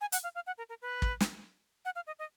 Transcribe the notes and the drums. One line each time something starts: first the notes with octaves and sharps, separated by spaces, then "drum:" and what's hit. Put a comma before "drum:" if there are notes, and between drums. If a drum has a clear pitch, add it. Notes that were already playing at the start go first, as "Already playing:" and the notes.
G#5
F#5, drum: hi-hat
F5
F5
F#5
A#4
A#4
B4
drum: kick
drum: snare
F#5
F5
D#5
D#5